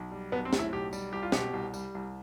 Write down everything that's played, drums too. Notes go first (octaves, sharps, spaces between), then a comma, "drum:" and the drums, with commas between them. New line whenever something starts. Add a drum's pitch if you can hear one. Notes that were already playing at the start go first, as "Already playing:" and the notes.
Already playing: B1
G3
B1 B3
C4
A2, drum: snare
E4
B1 G4
G3, drum: tambourine
C2 G4
F4
B2 G4, drum: snare
C2
G3, drum: tambourine
C2